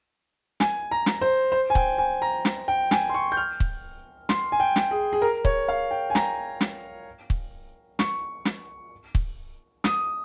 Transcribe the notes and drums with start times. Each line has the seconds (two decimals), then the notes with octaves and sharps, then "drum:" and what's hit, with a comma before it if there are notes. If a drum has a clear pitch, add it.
0.60 G#5, drum: snare
0.91 A#5
1.06 drum: snare
1.21 C5
1.52 C5
1.70 G#5
1.75 G5, drum: kick
1.98 G#5
2.22 A#5
2.45 drum: snare
2.68 G5
2.91 G#5, drum: snare
3.09 C6
3.14 C#6
3.32 G6
3.37 F6
3.60 drum: kick
4.29 C6, drum: snare
4.52 G#5
4.60 G5
4.76 drum: snare
4.91 G#4
5.13 G#4
5.22 A#4
5.45 C#5, drum: kick
5.68 F5
5.91 G5
6.10 G#5
6.15 A#5, drum: snare
6.61 drum: snare
7.30 drum: kick
7.99 C#6, drum: snare
8.45 drum: snare
9.15 drum: kick
9.84 D#6, drum: snare